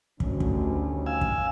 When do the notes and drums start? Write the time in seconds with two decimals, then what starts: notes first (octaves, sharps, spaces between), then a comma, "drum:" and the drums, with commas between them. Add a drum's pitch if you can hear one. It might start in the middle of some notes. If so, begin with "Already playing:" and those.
0.20 D2 D#3 G3 C#4, drum: kick
0.40 drum: kick
1.06 F5 G#5 E6
1.21 drum: kick